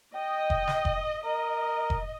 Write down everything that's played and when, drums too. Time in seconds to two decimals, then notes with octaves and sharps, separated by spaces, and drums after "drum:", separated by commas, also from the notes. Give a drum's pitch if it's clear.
0.15 D#5 G5
0.50 drum: kick F1
0.67 drum: snare
0.85 drum: kick F1
1.25 A#4 D#5
1.90 drum: kick F1